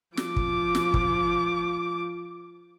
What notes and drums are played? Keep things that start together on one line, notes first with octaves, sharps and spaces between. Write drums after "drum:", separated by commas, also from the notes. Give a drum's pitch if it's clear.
F3 D6, drum: snare
drum: kick
drum: snare
drum: kick